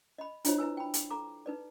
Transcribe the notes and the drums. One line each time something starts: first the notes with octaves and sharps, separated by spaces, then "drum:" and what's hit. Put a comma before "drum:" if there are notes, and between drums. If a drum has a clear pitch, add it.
D#5 B5
D4 E4 F4 C5 C#5 D#5, drum: hi-hat
E4 B4 G#5 E6
G5 B5
drum: hi-hat
A4 A#5 D6
D#4 B4 D5